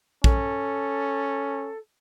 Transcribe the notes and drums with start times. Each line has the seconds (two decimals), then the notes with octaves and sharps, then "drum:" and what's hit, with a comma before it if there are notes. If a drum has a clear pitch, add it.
0.24 C#4 A4, drum: kick